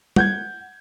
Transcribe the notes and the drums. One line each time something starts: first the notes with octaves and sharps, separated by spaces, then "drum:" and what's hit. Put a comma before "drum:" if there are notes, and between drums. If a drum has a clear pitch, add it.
F#5 G6 G#6, drum: tom G3